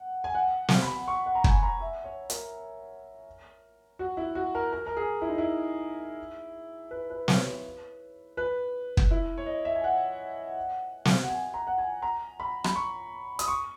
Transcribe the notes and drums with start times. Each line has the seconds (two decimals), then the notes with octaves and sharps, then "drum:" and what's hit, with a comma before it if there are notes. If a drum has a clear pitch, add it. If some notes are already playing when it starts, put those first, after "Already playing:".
Already playing: F#5
0.24 G#5
0.35 F#5
0.69 drum: snare
0.83 B5
1.08 C#6
1.26 F#5
1.35 A#5
1.44 G#5, drum: kick
1.63 A#5
1.81 E5
2.04 C#5
2.30 A#4, drum: hi-hat
3.99 F#4
4.17 E4
4.35 F#4
4.55 A#4
4.73 A#4
4.86 A#4
4.97 G#4
5.22 E4
5.29 D#4
5.38 E4
6.91 B4
7.10 B4
7.28 C#5, drum: snare
7.46 B4
8.37 B4
8.97 drum: kick
9.11 E4
9.38 C#5
9.46 D#5
9.65 E5
9.75 G#5
9.84 F#5
11.05 drum: snare
11.22 F#5
11.29 G#5
11.54 A#5
11.67 F#5
11.78 G#5
12.02 A#5
12.40 B5
12.64 B5, drum: rim click
12.75 C#6
13.39 D#6, drum: hi-hat
13.48 C#6